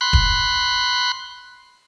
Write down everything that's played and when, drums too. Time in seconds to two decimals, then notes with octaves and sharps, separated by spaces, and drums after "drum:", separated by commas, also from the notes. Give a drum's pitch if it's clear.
0.01 B5 C6 F#6
0.13 drum: kick E1